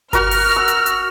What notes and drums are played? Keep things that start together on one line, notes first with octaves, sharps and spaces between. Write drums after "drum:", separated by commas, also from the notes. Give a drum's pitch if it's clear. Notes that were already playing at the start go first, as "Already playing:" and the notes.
F#4 A#4 F6, drum: kick G1, hi-hat
drum: open hi-hat
E6
drum: hi-hat
drum: hi-hat